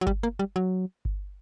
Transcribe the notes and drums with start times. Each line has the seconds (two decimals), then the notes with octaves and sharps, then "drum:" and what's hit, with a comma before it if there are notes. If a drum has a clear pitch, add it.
0.01 F#3
0.07 G3, drum: kick G1
0.23 A#3
0.39 G3
0.56 F#3
1.05 drum: kick G1